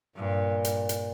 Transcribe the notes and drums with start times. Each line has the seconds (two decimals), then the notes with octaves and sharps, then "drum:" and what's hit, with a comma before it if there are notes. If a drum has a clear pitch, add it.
0.16 G2 A#2
0.65 drum: hi-hat
0.89 drum: hi-hat